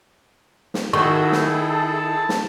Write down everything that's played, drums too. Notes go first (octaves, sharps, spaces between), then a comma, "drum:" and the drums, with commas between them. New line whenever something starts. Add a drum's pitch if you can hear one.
drum: snare
D#3 E4 F#4 G#4 A4 C#6
drum: snare
A5
drum: snare